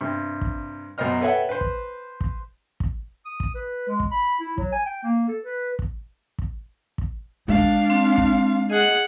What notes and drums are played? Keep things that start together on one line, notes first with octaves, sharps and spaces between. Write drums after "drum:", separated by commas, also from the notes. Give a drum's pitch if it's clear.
G2 C3
drum: kick
F#2 B2 A#4 C5 D#5 F6
A4 B4 C#5 E5 F#5 G5
B4 C5
drum: kick
drum: kick
drum: kick
D#6
drum: kick
B4
G#3
drum: kick
B5
E4
F#3, drum: kick
G#5
G5
A#3
A4
B4
drum: kick
drum: kick
drum: kick
G#3 D4 F5
drum: kick
C4
drum: kick
G#4 D#5 F#5